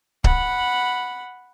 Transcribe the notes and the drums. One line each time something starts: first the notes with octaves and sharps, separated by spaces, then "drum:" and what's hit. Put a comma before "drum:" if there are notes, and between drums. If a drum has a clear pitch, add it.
F#5 B5, drum: kick C#1